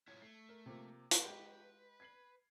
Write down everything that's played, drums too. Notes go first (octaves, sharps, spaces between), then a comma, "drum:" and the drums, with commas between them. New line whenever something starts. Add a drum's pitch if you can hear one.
E4 F4 C#5 G#6
A3 C7
A#4
C3 F3 A#3
drum: hi-hat
G#3 G4 B4 G6
G#6 C7 F#7